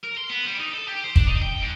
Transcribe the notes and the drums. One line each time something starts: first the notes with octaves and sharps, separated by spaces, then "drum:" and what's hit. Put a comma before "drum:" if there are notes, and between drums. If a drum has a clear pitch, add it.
A#4
C6
B3
G3
D#4
A4
G4
C5
D4, drum: kick
D#4
G5
G#2